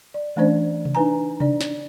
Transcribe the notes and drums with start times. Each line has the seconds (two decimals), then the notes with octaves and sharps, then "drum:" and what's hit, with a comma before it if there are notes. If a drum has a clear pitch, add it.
0.14 D5
0.36 E3 A3 C#4 D4 C5 D5
0.85 drum: tom C3
0.95 D4 D#4 B4 G#5 A#5
1.40 D4 D5, drum: tom C3
1.61 drum: snare